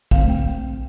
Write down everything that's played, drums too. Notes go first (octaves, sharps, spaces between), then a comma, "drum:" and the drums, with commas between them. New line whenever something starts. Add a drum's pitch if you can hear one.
D3 A3 C4 F5, drum: kick
G5